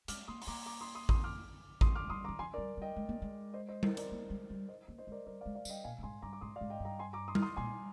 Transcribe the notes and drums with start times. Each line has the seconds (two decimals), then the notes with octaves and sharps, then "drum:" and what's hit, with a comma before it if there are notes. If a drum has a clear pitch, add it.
0.08 G#3 D6 F6, drum: hi-hat
0.28 A#3 C6 D#6
0.42 C6, drum: open hi-hat
0.47 A#3 A#5 D6
0.66 A#5 D6
0.81 C6 D#6
0.95 C6 D#6
1.09 C6 D#6, drum: kick A1
1.24 D6 F6
1.81 G#3 C6 D#6, drum: kick A1
1.95 D6 F6
2.04 G#3
2.10 G3 C6 D#6
2.24 A#5 D6
2.28 D#3
2.39 F3 G#5 C6
2.54 A#4 D5
2.58 G3
2.77 G3 D#5 G5
2.96 G#3
3.09 A#3
3.22 G#3
3.54 C5 D#5
3.69 C5 D#5
3.83 A#4, drum: tom G3
3.97 A#4 D5, drum: hi-hat
4.11 A#3
4.30 G#3
4.50 G3
4.69 C5 D#5
4.88 A#3
4.98 C5 D#5
5.07 G#3 A#4 D5
5.26 G3 A#4 D5
5.41 D5 F5
5.46 G#3
5.55 D5 F5
5.65 G3 D#5 G5, drum: tambourine
5.84 A#2 F5 G#5
5.98 A#2
6.03 G#2 G#5 C6
6.22 G2 A#5 D6
6.33 D6
6.41 G#2 C6 D#6
6.56 D5 F5
6.61 G#2
6.70 D#5 G5
6.80 G2
6.85 G5 A#5
6.99 G#5 C6
7.13 A#5 D6
7.28 C6 D#6
7.35 F6, drum: tom G3
7.42 C6 D#6
7.57 A#2 G#5 C6